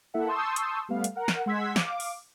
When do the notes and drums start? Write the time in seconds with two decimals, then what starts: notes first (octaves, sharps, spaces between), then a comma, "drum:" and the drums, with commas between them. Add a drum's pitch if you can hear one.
0.14 A#3 E4 A4 E5 F#5
0.28 A5 C6 C#6 D#6 E6 G6
0.56 drum: hi-hat
0.89 G3 A3 B3 F5
1.04 drum: hi-hat
1.15 A#4 F#5
1.28 drum: snare
1.46 G#3 F#5 C6 E6 G#6 B6
1.76 F5 D6, drum: snare
2.00 drum: open hi-hat